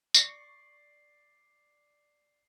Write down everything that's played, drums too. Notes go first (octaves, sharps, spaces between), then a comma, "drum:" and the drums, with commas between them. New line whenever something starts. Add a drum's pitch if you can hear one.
D5 C#6 C7, drum: tambourine